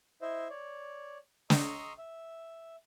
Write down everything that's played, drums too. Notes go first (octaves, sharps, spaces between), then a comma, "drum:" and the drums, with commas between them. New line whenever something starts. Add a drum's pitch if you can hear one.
E4 C5 D#5 E5
C#5 D5
D#5 A#5 C6 C#6 D#6 E6, drum: snare
E5